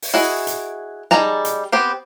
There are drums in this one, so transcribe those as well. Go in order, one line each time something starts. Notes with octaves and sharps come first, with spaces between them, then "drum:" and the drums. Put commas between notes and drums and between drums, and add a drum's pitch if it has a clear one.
drum: open hi-hat
E4 F#4 G#4 D#5
drum: hi-hat
G3 D#4 G#4 A5 A#5, drum: snare
drum: hi-hat
B3 C4 G4 C5